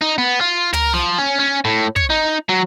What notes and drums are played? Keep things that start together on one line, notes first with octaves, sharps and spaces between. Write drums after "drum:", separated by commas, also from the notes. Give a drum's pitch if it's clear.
D#4
B3
F4
A#4, drum: tom
F3
C#4
C#4
A2
C#5, drum: kick
D#4
F#3